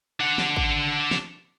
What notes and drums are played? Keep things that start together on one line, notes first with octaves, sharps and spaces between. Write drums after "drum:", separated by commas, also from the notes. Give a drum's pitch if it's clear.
D4 F#5
drum: snare
drum: kick
drum: snare